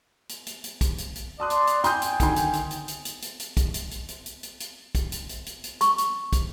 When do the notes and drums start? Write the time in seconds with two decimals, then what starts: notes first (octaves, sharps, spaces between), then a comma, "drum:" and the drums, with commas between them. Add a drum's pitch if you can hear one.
0.29 drum: hi-hat
0.47 drum: hi-hat
0.64 drum: hi-hat
0.81 drum: kick, hi-hat
0.98 drum: hi-hat
1.15 drum: hi-hat
1.40 D5 A5 C6 D#6 F#6
1.50 drum: hi-hat
1.67 drum: hi-hat
1.84 G5 G#5 C6 D#6 G6, drum: hi-hat
2.02 drum: hi-hat
2.20 D2 D#3 C6, drum: kick, hi-hat
2.36 drum: hi-hat
2.53 drum: hi-hat
2.71 drum: hi-hat
2.88 drum: hi-hat
3.05 drum: hi-hat
3.22 drum: hi-hat
3.40 drum: hi-hat
3.57 drum: kick, hi-hat
3.74 drum: hi-hat
3.91 drum: hi-hat
4.08 drum: hi-hat
4.26 drum: hi-hat
4.43 drum: hi-hat
4.60 drum: hi-hat
4.95 drum: kick, hi-hat
5.12 drum: hi-hat
5.29 drum: hi-hat
5.46 drum: hi-hat
5.64 drum: hi-hat
5.81 C#6, drum: hi-hat
5.98 drum: hi-hat
6.33 drum: kick, hi-hat